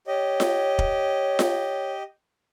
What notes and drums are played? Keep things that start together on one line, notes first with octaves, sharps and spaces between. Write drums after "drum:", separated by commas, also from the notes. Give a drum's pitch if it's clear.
G4 C#5 D#5
drum: snare F4
drum: kick
drum: snare F4